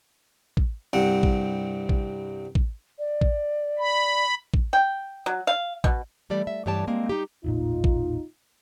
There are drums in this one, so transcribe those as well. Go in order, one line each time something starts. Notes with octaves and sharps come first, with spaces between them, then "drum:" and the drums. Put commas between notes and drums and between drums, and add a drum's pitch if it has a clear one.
drum: kick
C2 G2 C4 F#5
drum: kick
drum: kick
drum: kick
D5
drum: kick
B5
drum: kick
G5
F#3
F5
B2, drum: kick
E3 G3 A3 D5
E5
G2 E3 G4 C#5 D5 A5
G#3 A#3 C4
D#4 G4
E1 A1 A#2 D#4 F4
drum: kick